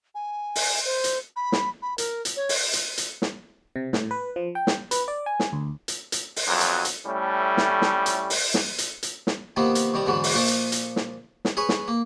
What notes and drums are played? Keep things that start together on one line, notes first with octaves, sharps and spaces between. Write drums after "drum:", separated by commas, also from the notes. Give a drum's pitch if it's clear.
G#5
drum: open hi-hat
C5
drum: hi-hat
B5
drum: snare
B5
A#4, drum: hi-hat
drum: hi-hat
C#5
drum: open hi-hat
drum: hi-hat
drum: hi-hat
drum: snare
C3
A2, drum: snare
B4
F3
G5
drum: snare
B4, drum: hi-hat
D5
G#5
drum: snare
D2
drum: hi-hat
drum: hi-hat
drum: open hi-hat
B1 F2 F#3
drum: hi-hat
drum: hi-hat
A2 G3 A3 C#4
drum: snare
drum: snare
drum: hi-hat
drum: open hi-hat
drum: snare
drum: hi-hat
drum: hi-hat
drum: snare
C3 D#3 F3 A#3 B3
drum: hi-hat
C2 D#3 G3 A#5
E2 G#2 D3 E3 F#3
drum: open hi-hat
A#2 F3 A5 C#6 D6
drum: hi-hat
drum: hi-hat
drum: snare
drum: snare
G#4 B4 C#5 G#5
drum: snare
A#3